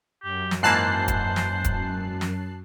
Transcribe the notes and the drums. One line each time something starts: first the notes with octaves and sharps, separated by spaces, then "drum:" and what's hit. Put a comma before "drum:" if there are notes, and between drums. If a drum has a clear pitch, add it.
F#2 G4
drum: snare
G#2 E3 A#3 C5 A5 F#6 C7
drum: kick, hi-hat
drum: snare
drum: kick, hi-hat
drum: snare